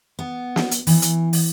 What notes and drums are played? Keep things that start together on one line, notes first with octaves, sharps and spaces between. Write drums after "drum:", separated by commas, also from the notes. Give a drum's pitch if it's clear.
B3
drum: snare
drum: hi-hat
E3, drum: open hi-hat
drum: hi-hat
drum: open hi-hat